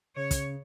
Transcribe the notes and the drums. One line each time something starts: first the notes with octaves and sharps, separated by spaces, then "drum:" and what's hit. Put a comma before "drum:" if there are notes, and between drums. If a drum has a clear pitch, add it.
C#3 C#5
drum: kick, hi-hat